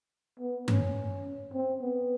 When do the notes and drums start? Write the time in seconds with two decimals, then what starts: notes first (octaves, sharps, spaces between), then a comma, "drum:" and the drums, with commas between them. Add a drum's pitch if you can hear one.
0.39 B3
0.68 C#4, drum: tom G2
1.54 C4
1.82 B3